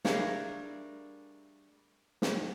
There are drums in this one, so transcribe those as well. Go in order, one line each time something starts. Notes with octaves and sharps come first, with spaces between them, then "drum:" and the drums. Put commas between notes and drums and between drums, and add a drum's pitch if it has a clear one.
G3 A3 D4 G#4 A#4 F5, drum: snare
drum: snare